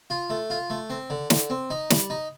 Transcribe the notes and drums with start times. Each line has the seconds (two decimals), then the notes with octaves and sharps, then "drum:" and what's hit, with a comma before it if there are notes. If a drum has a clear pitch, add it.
0.10 F4
0.30 A3
0.50 F4
0.70 A3
0.90 C4
1.10 D3
1.30 D3, drum: snare
1.50 C4
1.70 D#4
1.90 G3, drum: snare
2.10 D#4